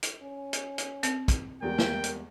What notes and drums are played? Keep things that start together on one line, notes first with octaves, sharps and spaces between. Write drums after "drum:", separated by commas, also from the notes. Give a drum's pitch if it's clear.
drum: hi-hat
C#4
drum: hi-hat
drum: hi-hat
C4, drum: hi-hat
drum: kick, hi-hat
E2 G3 G#3 A#4 G5
drum: snare
drum: hi-hat